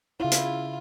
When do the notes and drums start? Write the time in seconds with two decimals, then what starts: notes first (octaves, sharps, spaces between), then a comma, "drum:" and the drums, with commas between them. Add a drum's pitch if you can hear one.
0.20 C#3 E4 F4
0.32 drum: hi-hat